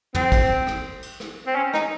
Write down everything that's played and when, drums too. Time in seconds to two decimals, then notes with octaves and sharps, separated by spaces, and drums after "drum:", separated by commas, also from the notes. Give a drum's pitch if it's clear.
0.15 C4, drum: tom
0.32 drum: kick, cymbal
0.67 drum: rim click
1.02 drum: cymbal
1.20 drum: rim click
1.47 C4
1.55 C#4
1.74 D#4, drum: rim click